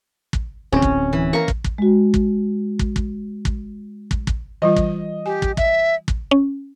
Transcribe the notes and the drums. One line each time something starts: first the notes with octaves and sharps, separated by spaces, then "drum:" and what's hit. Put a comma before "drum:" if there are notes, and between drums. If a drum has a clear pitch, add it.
drum: kick
D1 C4 C#4
drum: kick
E3
A#3 A#4 C#6
drum: kick
drum: kick
G#3 F#4
drum: kick
drum: kick
drum: kick
drum: kick
drum: kick
drum: kick
E3 G3 F4 D#5
drum: kick
G4 G#5
drum: kick
E5, drum: kick
drum: kick
C#4